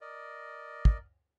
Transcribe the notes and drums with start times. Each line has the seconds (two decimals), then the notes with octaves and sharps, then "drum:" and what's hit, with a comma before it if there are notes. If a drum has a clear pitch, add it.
0.01 A#4 D5 D#5
0.85 drum: kick